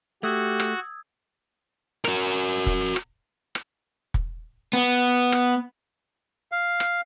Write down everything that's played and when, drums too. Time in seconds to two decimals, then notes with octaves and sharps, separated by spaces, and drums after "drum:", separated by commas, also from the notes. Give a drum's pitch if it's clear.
0.23 A3 F#4 G4 D#6 E6 G#6
0.60 drum: rim click
2.04 F#4 A#4, drum: rim click
2.66 drum: kick
2.96 drum: rim click
3.55 drum: rim click
4.14 drum: kick
4.73 B3
5.32 drum: rim click
6.52 F5
6.80 drum: rim click